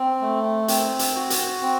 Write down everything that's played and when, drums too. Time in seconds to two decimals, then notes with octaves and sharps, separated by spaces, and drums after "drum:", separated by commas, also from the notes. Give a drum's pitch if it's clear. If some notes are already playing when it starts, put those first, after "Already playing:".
Already playing: C4
0.21 A3
0.68 C4, drum: hi-hat
0.99 drum: hi-hat
1.15 F#4
1.30 drum: hi-hat
1.62 C4